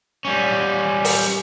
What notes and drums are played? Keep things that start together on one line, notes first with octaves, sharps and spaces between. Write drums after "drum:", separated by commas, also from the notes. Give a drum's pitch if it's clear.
G3 C#4
drum: open hi-hat